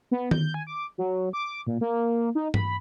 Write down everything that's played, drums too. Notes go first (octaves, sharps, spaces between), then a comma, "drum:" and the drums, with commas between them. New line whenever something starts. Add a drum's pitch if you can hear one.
B3
G6, drum: tom D#3
G#5
D6
F#3
D6
A#2
A#3
D#4
B5, drum: tom G2